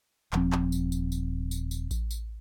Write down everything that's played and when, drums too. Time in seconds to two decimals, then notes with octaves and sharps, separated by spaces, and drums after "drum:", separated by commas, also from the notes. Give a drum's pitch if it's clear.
0.33 D#1 F3 C4, drum: clap
0.52 drum: clap
0.72 drum: tambourine
0.92 drum: tambourine
1.12 drum: tambourine
1.51 drum: tambourine
1.71 drum: tambourine
1.91 drum: kick A1, tambourine
2.11 drum: tambourine